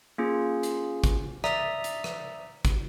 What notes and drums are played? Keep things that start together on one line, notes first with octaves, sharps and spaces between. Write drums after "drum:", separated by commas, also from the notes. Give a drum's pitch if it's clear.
A#3 C#4 F4 G#4
drum: hi-hat
drum: kick G#1, hi-hat
D5 E5 A#5 D#6, drum: rim click
drum: hi-hat
drum: rim click
drum: kick G#1, hi-hat